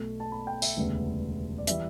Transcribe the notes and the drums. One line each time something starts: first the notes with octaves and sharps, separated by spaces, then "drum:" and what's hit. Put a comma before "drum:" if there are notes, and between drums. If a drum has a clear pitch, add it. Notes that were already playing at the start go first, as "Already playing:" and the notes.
Already playing: B1 B2 A3
A5
B5
G5
E5, drum: tambourine
E1 D2 C#3 G3 B3
D5
E3 G3 E5, drum: hi-hat